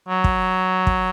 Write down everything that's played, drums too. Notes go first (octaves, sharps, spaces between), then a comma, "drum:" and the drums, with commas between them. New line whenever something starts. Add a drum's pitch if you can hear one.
F#3
drum: kick
drum: kick